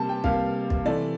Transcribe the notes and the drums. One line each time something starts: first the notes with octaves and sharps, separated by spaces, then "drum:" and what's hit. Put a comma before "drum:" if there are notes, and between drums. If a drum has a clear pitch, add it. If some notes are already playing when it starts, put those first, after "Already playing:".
Already playing: C3 G3 A#3 A5
G5
C3 G3 A#3 F5, drum: kick
drum: kick
C3 E3 A3 D5